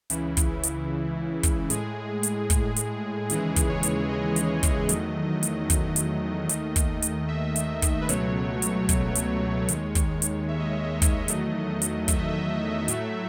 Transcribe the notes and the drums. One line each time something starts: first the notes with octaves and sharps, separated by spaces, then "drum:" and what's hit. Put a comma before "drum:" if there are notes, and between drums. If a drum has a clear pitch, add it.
C#2 C#3 E3 E4, drum: hi-hat
drum: kick, hi-hat
drum: hi-hat
drum: kick, hi-hat
A2 G#3 G#4, drum: hi-hat
drum: hi-hat
drum: kick, hi-hat
drum: hi-hat
D#2 C#3 E3 G#3 G#4, drum: hi-hat
drum: kick, hi-hat
C#5
drum: hi-hat
C#5
D#5
drum: hi-hat
drum: kick, hi-hat
E2 D#3 F#3 A3, drum: hi-hat
drum: hi-hat
D#5, drum: kick, hi-hat
drum: hi-hat
D#2 D#3 A3, drum: hi-hat
drum: kick, hi-hat
drum: hi-hat
E5
drum: hi-hat
drum: kick, hi-hat
B4
C#2 B2 F#3 A3 C#5, drum: hi-hat
drum: hi-hat
drum: kick, hi-hat
drum: hi-hat
D#2 D#3 G#3 C#5, drum: hi-hat
drum: kick, hi-hat
drum: hi-hat
E5
D#5
C#5
D#5
drum: kick, hi-hat
E2 D#3 F#3 A3, drum: hi-hat
drum: hi-hat
E5, drum: kick, hi-hat
D#5
E5
A2 F#3 A3, drum: hi-hat